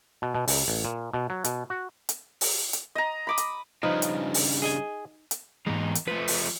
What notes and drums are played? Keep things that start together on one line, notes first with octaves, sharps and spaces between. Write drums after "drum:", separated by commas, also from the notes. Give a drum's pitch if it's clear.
B2
B2
C#2, drum: open hi-hat
A1
A#2
B2
F#3
B2, drum: hi-hat
F#4
drum: hi-hat
drum: open hi-hat
drum: hi-hat
D#5 A#5
B5 D6 D#6
drum: hi-hat
G2 C#3 F3 D#4 B4
drum: hi-hat
drum: open hi-hat
G#4 D#5 G#5
drum: hi-hat
E2 G#2 G#3 D#4
drum: hi-hat
F3 A3 B4
drum: open hi-hat